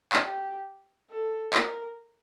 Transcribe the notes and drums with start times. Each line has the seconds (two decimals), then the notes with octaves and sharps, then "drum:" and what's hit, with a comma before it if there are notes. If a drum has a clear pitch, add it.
0.13 drum: clap
0.25 G4
1.10 A4
1.54 A#4, drum: clap